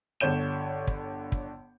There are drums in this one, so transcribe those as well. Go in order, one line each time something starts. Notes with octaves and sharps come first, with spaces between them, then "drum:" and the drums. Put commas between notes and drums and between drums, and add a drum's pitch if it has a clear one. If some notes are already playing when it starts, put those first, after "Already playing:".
G1 D3 C#5 G6 E7
drum: kick
drum: kick